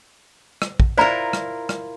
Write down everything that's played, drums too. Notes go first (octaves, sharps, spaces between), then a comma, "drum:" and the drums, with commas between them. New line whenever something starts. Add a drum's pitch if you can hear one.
drum: rim click
drum: kick
E4 F4 A#4 C5 D5 A#5
drum: rim click
drum: rim click